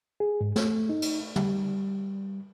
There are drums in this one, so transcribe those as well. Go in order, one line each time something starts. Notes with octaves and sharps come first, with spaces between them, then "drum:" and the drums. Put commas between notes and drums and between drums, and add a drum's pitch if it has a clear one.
G#4
G#2
A3, drum: snare
D#4
drum: cymbal
G3, drum: tom